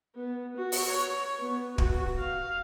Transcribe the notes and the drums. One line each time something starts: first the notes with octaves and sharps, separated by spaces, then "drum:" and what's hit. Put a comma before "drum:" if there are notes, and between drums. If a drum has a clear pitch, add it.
B3
F#4
drum: open hi-hat
C#5
B3
F#4, drum: kick
F5